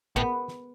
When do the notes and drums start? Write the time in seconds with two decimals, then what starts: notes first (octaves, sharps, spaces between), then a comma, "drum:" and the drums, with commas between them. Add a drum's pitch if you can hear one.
0.16 A2 B3, drum: kick
0.48 drum: snare